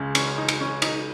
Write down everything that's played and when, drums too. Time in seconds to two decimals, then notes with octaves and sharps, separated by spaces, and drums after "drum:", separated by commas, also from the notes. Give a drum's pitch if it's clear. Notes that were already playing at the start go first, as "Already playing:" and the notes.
Already playing: C#2 C#3
0.15 C#4, drum: cymbal
0.38 D#4
0.48 drum: cymbal
0.60 C#4
0.82 D#4, drum: cymbal